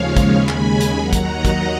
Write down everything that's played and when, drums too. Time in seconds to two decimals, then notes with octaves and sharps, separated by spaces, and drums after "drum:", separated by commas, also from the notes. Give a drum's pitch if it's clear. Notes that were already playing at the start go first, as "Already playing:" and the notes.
Already playing: D#2 C#3 F3 G#3 C#5 F5
0.17 drum: kick, hi-hat
0.32 D#2 C#3 G#3 G#5 B5
0.49 drum: clap
0.81 drum: hi-hat
0.96 D#2 D#3 F#3 F#5 A#5
1.13 drum: kick, hi-hat
1.28 D#5 F#5
1.45 drum: kick, hi-hat